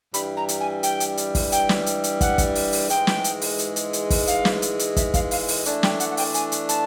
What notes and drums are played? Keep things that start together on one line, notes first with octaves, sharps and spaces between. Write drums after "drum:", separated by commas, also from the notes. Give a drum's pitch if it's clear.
G2 E3 G3 B5, drum: hi-hat
A#5
drum: hi-hat
G#5
G5, drum: hi-hat
drum: hi-hat
drum: hi-hat
drum: kick, open hi-hat
G5, drum: hi-hat
drum: snare
drum: hi-hat
drum: hi-hat
F#5, drum: kick, hi-hat
drum: kick, hi-hat
drum: open hi-hat
drum: open hi-hat
G#2 E3 G#3 G5, drum: hi-hat
drum: snare
drum: hi-hat
drum: open hi-hat
drum: hi-hat
drum: hi-hat
drum: hi-hat
drum: kick, open hi-hat
F5, drum: hi-hat
drum: snare
drum: hi-hat
drum: hi-hat
E5, drum: kick, hi-hat
F5, drum: kick, hi-hat
F5, drum: open hi-hat
drum: open hi-hat
E3 A3 D4 D5, drum: hi-hat
G5, drum: snare
F#5, drum: hi-hat
F#5
G5, drum: open hi-hat
G#5, drum: hi-hat
drum: hi-hat
A5, drum: hi-hat